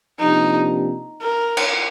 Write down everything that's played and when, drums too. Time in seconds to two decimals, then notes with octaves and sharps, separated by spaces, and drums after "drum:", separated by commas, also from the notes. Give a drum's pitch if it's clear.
0.19 C3 F3 A#3 D4 D#4 G4
1.22 A#4
1.57 drum: cymbal